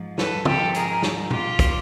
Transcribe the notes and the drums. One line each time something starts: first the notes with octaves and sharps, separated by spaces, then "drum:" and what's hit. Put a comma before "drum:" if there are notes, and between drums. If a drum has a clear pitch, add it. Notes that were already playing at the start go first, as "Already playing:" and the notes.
Already playing: G#2 F3
A4 B4, drum: snare
G#2 F3 G4 A4, drum: tom
G#4 A#4, drum: hi-hat
drum: snare
F4 G4, drum: tom
drum: kick, hi-hat